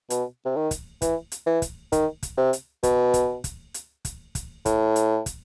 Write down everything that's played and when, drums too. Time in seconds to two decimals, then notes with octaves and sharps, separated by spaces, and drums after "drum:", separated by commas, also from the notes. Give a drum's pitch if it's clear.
0.10 B2, drum: hi-hat
0.45 C3
0.56 D#3
0.71 drum: kick, hi-hat
1.02 E3, drum: kick, hi-hat
1.32 drum: hi-hat
1.46 E3
1.62 drum: kick, hi-hat
1.92 D#3, drum: kick, hi-hat
2.23 drum: kick, hi-hat
2.38 C3
2.53 drum: hi-hat
2.83 B2, drum: kick, hi-hat
3.14 drum: kick, hi-hat
3.44 drum: kick, hi-hat
3.74 drum: hi-hat
4.05 drum: kick, hi-hat
4.35 drum: kick, hi-hat
4.66 A2, drum: kick, hi-hat
4.96 drum: hi-hat
5.26 drum: kick, hi-hat